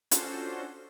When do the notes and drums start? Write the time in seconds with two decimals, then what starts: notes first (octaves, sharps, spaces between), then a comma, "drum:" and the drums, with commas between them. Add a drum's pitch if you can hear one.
0.11 C#4 D4 F4 F#4 A4 C5, drum: hi-hat